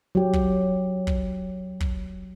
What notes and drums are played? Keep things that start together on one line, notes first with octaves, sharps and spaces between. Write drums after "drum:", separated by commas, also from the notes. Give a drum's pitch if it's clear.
F#3 G4
drum: kick
drum: kick
drum: kick